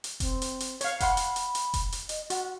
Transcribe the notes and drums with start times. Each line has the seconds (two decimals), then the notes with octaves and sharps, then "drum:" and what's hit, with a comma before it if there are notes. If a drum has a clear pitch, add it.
0.04 drum: hi-hat
0.20 C4, drum: kick F1, hi-hat
0.42 drum: hi-hat
0.60 drum: hi-hat
0.81 C#5 F5, drum: hi-hat
1.00 F5 F#5 B5 C6, drum: kick F1, hi-hat
1.17 drum: hi-hat
1.36 drum: hi-hat
1.55 drum: hi-hat
1.74 drum: kick F1, hi-hat
1.92 drum: hi-hat
2.09 D#5, drum: hi-hat
2.30 F#4 F#5, drum: hi-hat